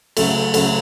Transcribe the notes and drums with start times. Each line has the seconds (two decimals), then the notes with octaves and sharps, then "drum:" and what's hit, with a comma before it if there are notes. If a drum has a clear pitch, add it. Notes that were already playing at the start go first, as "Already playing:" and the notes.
0.17 C#3 F#3 A3 C#4, drum: cymbal
0.54 C#3 F#3 A3 C#4, drum: cymbal